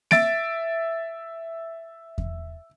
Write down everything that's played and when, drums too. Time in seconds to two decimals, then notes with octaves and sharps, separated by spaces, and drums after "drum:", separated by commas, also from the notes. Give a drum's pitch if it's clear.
0.11 E5 A6 D7, drum: snare A#3
2.18 drum: kick E2